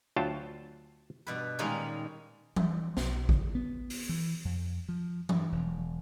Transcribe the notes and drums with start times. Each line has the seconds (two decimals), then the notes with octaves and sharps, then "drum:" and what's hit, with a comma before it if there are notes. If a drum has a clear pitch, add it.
0.16 D2 F#3 F4 F5 G5 A5
1.27 G2 B2 B4
1.59 A#2 D#3 G3 G#3 A#3 C#4
2.56 G3, drum: tom E3
2.97 B1, drum: snare
3.29 drum: kick A1
3.55 B3
3.90 drum: open hi-hat
4.09 E3
4.45 F2
4.89 F3
5.29 G2, drum: tom E3
5.52 E1